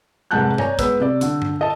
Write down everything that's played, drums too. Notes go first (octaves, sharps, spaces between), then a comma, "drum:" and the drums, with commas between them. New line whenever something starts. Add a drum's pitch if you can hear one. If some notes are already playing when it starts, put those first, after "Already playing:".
F1 G#2 F#5 A5 F#6 G6
C#5 D5 G#5 A#5, drum: tom G2
G#2 B3 B4 E6, drum: kick, hi-hat
C3 D5
D3, drum: hi-hat
drum: tom G2
D#5 A5